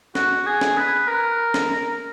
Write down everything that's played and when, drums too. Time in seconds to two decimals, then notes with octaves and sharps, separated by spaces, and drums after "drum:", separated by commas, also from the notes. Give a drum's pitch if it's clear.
0.15 F#4, drum: snare
0.46 G#4
0.61 drum: snare
0.77 B4
1.07 A#4
1.54 drum: snare